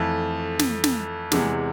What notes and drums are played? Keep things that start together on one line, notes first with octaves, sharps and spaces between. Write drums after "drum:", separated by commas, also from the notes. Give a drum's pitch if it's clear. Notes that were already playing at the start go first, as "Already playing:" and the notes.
Already playing: F2 E3 A3
drum: snare
drum: snare
E2 C3 E3 G#3, drum: snare